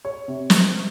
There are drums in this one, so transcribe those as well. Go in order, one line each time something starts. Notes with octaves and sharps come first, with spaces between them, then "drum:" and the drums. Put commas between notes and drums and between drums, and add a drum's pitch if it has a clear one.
C#5
C3
drum: snare